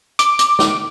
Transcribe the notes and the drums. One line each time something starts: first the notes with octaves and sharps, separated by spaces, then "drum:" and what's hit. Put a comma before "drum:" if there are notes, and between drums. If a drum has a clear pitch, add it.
D6, drum: hi-hat
drum: hi-hat
drum: snare